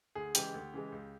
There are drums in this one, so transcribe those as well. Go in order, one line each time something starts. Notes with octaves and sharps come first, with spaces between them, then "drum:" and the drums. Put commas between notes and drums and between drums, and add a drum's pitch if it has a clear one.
D2 G#4
C#3 E3 G#3 G4, drum: hi-hat
D2
C#3 E3 G#3
C#2